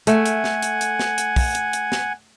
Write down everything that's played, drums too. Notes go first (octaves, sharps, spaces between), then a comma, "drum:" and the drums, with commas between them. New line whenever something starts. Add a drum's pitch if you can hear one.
A3 F#5 G#5, drum: hi-hat
drum: hi-hat
drum: snare
drum: hi-hat
drum: hi-hat
drum: snare
drum: hi-hat
drum: kick, open hi-hat
drum: hi-hat
drum: hi-hat
drum: snare